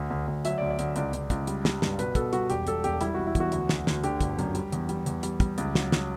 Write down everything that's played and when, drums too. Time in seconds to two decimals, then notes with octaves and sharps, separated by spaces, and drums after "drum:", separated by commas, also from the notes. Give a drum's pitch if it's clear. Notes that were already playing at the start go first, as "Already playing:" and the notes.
Already playing: D2
0.10 D2
0.27 D2
0.45 F#3 E5, drum: hi-hat
0.58 D5
0.62 D2
0.70 D5
0.79 D2, drum: hi-hat
0.96 C#2 D5, drum: hi-hat
1.13 C#2, drum: hi-hat
1.30 C#2, drum: kick, hi-hat
1.47 G3, drum: hi-hat
1.65 G3, drum: snare
1.82 G2, drum: snare
1.99 B2 B4, drum: hi-hat
2.15 B2 A4, drum: kick, hi-hat
2.33 G3 F#4, drum: hi-hat
2.50 E1 G4, drum: hi-hat
2.67 E1 A4, drum: hi-hat
2.84 E1 G4, drum: hi-hat
3.01 G3 E4, drum: hi-hat
3.14 E1 F#4
3.26 E4
3.35 E2, drum: kick, hi-hat
3.40 F#4
3.52 D2, drum: hi-hat
3.69 D2, drum: snare
3.87 D2, drum: snare
4.04 D3 G4, drum: hi-hat
4.21 G1, drum: kick, hi-hat
4.39 F#2, drum: hi-hat
4.55 G3, drum: hi-hat
4.72 E2, drum: hi-hat
4.89 G3, drum: hi-hat
5.06 E2, drum: hi-hat
5.23 G3, drum: hi-hat
5.40 G3, drum: kick, hi-hat
5.58 C#2, drum: hi-hat
5.75 F#3, drum: snare
5.92 F#3, drum: snare